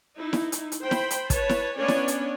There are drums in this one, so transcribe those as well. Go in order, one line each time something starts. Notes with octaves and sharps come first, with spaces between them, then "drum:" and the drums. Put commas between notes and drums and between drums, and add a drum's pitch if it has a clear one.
D#4 E4
drum: snare E4
drum: hi-hat
drum: hi-hat
C5 G5 B5
drum: snare E4
drum: hi-hat
B4 C#5 A5, drum: kick, hi-hat
drum: snare E4
B3 C#4 D4 C#5 D5 G#5
drum: snare E4
drum: hi-hat